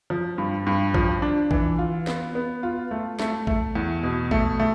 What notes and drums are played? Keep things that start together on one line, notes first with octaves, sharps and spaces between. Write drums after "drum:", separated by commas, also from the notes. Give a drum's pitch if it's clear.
F3
G2
G2
F3, drum: kick A#1
D4
E3, drum: kick A#1
F4
B3, drum: snare
B3
F4
A3
A3, drum: snare
A3, drum: kick A#1
E2
B2
A3, drum: kick A#1
A3